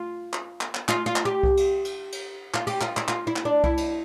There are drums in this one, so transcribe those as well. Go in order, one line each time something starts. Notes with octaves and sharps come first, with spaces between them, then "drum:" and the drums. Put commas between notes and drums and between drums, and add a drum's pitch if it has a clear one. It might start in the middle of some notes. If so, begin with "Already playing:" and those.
Already playing: F4
drum: clap
drum: clap
drum: clap
F4, drum: clap
F4
drum: clap
G4
drum: kick C2
drum: cymbal
drum: cymbal
drum: cymbal
F4, drum: clap
G4, drum: cymbal
F4, drum: clap
E4, drum: clap
F4, drum: clap
E4
drum: clap
D4
E4, drum: kick C2
drum: cymbal